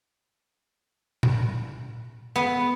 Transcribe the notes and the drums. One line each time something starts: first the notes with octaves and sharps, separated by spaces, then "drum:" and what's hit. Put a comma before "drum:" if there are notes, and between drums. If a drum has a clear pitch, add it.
drum: tom A#2
B3